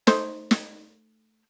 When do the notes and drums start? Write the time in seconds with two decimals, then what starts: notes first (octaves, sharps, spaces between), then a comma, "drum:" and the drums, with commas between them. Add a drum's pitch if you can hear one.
0.07 A3 D#4 C5, drum: snare
0.51 drum: snare